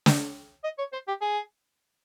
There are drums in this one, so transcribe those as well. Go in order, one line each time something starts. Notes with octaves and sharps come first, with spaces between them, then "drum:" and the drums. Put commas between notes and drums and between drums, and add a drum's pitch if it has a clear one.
drum: snare
D#5
C#5
C5
G4
G#4